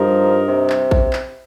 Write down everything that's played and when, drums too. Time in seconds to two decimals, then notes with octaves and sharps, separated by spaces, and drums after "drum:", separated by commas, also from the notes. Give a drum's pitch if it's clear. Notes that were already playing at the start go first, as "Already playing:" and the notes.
Already playing: G2 F3 G3 D#4 A#4
0.48 C3
0.70 drum: clap
0.91 drum: kick A1
1.13 drum: clap